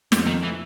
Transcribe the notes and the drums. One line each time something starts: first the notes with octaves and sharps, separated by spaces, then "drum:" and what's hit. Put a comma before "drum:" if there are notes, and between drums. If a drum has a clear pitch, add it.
F2, drum: snare
D#3
E3